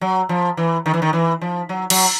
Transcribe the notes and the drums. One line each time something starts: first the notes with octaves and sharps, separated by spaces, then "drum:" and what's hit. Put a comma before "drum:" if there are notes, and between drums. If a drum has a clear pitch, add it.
F#3
F3
E3
D#3
E3
D#3
E3
F3
F#3
F#3, drum: cymbal